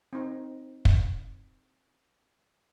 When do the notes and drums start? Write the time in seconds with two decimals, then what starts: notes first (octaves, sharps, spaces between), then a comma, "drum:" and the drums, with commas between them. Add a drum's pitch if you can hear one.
0.13 C4 D#4
0.85 drum: kick